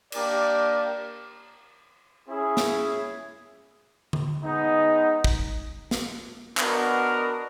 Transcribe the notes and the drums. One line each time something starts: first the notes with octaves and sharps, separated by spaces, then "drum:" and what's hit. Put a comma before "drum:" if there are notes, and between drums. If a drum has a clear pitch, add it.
A#3 D4 G4 A#4 D5, drum: cymbal
C#4 E4 G#4
drum: snare
drum: tom D3
G#3 B3 D#4
drum: kick
drum: snare
B3 D4 F#4 A#4 D#5, drum: clap